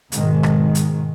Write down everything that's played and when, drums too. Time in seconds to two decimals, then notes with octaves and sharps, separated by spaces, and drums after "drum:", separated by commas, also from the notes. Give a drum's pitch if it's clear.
0.12 G#2 B2 D#3 G#3, drum: hi-hat
0.43 drum: rim click
0.75 drum: hi-hat